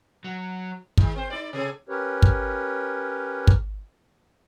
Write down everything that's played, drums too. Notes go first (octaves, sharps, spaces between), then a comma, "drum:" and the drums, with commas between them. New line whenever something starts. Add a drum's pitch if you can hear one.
F#3
D#3 G#3, drum: kick
C4 C5
D#4 D5
C3 G#4 A4
C#4 G4 A#4 B4 C#5
drum: kick
drum: kick